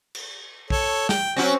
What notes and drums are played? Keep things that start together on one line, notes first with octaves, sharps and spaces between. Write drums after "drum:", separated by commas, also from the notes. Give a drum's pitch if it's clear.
drum: cymbal
A4 C#5, drum: kick B1
G5, drum: snare
F#3 C4 C#4 F#4